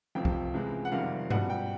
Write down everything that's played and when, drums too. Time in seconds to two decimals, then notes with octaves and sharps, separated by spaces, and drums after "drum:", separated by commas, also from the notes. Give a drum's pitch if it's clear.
0.15 F1 F2 C3 F3 G5
0.25 drum: kick B1
0.54 C#2 C3 E3 G#3
0.85 F#5
0.92 F#1 F2 C3 D#3 G3 F5
1.30 C#2 B2 G3 F#5, drum: tom G2
1.50 G5